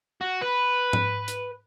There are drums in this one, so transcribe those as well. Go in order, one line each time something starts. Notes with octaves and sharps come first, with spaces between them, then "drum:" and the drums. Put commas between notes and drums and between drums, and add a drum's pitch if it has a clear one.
F#4
B4
drum: tom G#2
drum: hi-hat